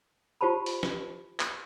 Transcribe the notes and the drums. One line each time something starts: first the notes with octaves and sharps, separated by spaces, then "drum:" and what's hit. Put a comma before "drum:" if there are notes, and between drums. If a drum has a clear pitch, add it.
F4 G4 C5 A5 B5
drum: open hi-hat
drum: snare
drum: clap